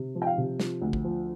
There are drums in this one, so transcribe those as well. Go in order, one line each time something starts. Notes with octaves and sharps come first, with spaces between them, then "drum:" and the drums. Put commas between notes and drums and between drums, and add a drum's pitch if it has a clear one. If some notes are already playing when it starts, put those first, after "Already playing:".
Already playing: C3
F3
G5
F5
C3
F3, drum: snare
D2
drum: kick
F3